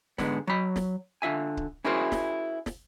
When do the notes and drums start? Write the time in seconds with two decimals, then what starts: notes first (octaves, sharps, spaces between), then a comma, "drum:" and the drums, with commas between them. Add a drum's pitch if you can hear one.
0.18 G#2 D3 G#3 B3, drum: snare
0.47 F#3 B5
0.76 drum: snare
1.22 D3 F4 E5 G#5
1.57 drum: kick C#1
1.84 C#4 E4 F#4 G#4 A#4 C5
2.12 drum: snare
2.66 drum: snare